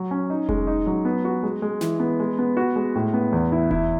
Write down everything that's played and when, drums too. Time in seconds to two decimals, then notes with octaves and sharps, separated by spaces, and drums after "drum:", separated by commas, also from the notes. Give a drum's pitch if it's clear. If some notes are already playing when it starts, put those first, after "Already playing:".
Already playing: F#3
0.11 C#4
0.30 D#4
0.49 G#3, drum: kick F1
0.67 D#4
0.87 F#3
1.05 B3
1.25 F#4
1.43 G#3
1.62 G#3
1.81 E3, drum: snare
2.00 B3
2.20 G#3
2.39 B3
2.57 F#4
2.76 G#3
2.95 A2
3.14 B3
3.32 E2
3.52 E4
3.71 E4, drum: kick F1